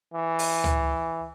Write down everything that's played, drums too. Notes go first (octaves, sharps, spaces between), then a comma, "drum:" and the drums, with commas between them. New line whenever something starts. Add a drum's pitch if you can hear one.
E3
drum: open hi-hat
drum: tom C#2